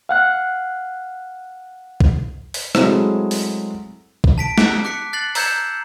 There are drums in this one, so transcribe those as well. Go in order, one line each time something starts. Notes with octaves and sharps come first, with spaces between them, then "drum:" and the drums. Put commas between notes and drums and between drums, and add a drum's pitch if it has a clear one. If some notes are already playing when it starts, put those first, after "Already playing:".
F5 F#5 F#6
drum: kick
drum: open hi-hat
F#3 G#3 A3 C4 E4, drum: rim click
drum: open hi-hat
drum: kick
A5 B6 D7
D6 F#6, drum: snare
D6 F#6 B6 C#7
F#6 A6 C7 F#7
A#5 E6 G6 G#6 C#7 E7, drum: open hi-hat